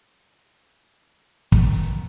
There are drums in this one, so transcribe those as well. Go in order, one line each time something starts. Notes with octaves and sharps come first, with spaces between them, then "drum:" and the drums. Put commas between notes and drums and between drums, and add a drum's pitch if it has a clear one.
B1 C3 A3 B3 A#4, drum: kick